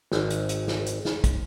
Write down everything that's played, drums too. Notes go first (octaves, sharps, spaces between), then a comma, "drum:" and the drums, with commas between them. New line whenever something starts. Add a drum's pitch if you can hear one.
G#1, drum: snare
drum: hi-hat
drum: hi-hat
drum: snare
drum: hi-hat
drum: snare
drum: kick, hi-hat